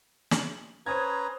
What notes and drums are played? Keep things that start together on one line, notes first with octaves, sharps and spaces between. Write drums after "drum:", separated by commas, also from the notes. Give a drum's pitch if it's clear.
F#7, drum: snare
C#4 B4 C5 A#5 D#6 G#6